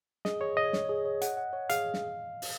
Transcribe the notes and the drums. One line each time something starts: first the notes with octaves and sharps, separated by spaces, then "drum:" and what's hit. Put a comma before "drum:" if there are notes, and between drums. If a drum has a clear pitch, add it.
G#4 D#5, drum: snare
G#4 C#5
C#5 D#5
C#5, drum: snare
G#4
C#5
F#5, drum: hi-hat
F#5
C#5
G#4 F5, drum: hi-hat
drum: snare
drum: open hi-hat